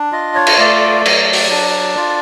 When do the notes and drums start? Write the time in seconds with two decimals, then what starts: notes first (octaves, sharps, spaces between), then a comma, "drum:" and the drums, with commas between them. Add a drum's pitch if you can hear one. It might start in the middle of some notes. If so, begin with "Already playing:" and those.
Already playing: D4
0.12 F4 D#5
0.35 C#5
0.47 drum: cymbal
0.58 A3 D5
1.06 F#3, drum: cymbal
1.33 drum: open hi-hat
1.50 D4
1.97 F4